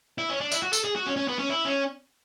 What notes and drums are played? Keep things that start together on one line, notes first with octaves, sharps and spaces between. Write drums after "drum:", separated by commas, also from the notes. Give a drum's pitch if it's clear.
E4
C#4
D4
E4, drum: tambourine
F#4
A4, drum: tambourine
G#4
F#4
C#4
C#4
B3
C#4
E4
C#4